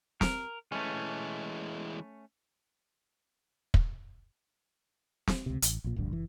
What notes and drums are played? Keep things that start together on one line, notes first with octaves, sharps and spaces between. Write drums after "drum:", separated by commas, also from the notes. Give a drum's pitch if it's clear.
A#4, drum: snare
E3 G#3 A3 C#4
drum: kick
drum: snare
C#2 C3
A1, drum: hi-hat
A#1 A#2
D1 A#1 G2 D3
F#1 E3